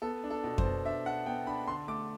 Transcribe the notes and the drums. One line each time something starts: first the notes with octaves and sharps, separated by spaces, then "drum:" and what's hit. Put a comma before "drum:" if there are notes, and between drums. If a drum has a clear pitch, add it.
B3 A4
D4
A4
B2
C5, drum: kick F2
B2
D4 E5
D4 F#5
B3 G5
D4 B5
D3 C6
A3 D6